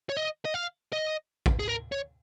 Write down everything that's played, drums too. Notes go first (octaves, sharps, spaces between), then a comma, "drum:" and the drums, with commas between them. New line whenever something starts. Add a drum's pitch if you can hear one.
C#5
D#5
D#5
F5
D#5
drum: kick
G#4
A#4
C#5